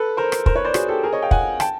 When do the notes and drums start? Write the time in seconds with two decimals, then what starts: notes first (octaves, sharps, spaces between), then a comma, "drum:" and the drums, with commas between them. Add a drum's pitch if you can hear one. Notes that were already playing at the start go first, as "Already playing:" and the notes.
Already playing: A4 B4
0.17 A#4 C5
0.32 drum: rim click
0.46 A#4 C5, drum: kick
0.56 B4 C#5
0.65 C5 D5
0.74 F#4 G#4, drum: rim click
0.88 G4 A4
1.03 G#4 A#4
1.13 C#5 D#5
1.22 F5 G5
1.31 F#5 G#5, drum: kick
1.60 G5 A5, drum: rim click